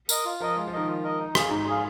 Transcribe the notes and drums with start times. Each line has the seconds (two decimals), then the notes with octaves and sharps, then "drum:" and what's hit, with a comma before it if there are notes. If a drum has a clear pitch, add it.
0.09 A#4 D#5, drum: tambourine
0.25 F4
0.40 F3 A#4 D#5
0.56 G#3 F4
0.67 F3
0.73 D#3 A#4 D#5
0.88 F4
1.04 A#4 D#5
1.19 D#4
1.35 G#4 F5, drum: rim click
1.50 G#2 D#4
1.66 G#4 F5